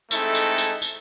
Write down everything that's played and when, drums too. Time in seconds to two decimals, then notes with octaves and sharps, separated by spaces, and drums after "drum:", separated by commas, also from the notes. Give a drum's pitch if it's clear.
0.11 G#3 A3 C4 D#4 E4 A4, drum: tambourine
0.35 drum: tambourine
0.58 drum: tambourine
0.82 drum: tambourine